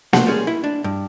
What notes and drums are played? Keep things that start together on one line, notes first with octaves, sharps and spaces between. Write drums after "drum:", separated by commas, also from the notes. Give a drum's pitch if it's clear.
A3 F#4 C5 F#5, drum: snare A#3
G3 G#3 C#4 G#4
E4
D4
G2